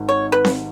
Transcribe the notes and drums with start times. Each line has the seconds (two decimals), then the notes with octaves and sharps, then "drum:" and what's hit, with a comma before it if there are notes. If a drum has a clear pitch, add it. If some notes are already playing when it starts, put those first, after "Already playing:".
Already playing: G#1 G#2
0.09 C#5
0.32 B4
0.45 drum: snare C4